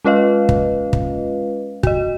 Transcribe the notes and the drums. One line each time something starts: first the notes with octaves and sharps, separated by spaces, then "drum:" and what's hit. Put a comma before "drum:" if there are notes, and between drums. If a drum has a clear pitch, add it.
G#3 C#4 F4 B4 D#5 F5
drum: kick
drum: kick
F#4 D#5, drum: kick